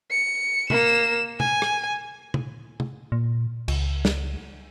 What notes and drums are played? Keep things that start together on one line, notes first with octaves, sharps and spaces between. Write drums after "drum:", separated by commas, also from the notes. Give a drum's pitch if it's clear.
C#7
A#3 E7, drum: tom C3
G#5, drum: tom C3
drum: rim click
drum: tom C3
drum: tom C3
A#2
C#2, drum: cymbal
drum: snare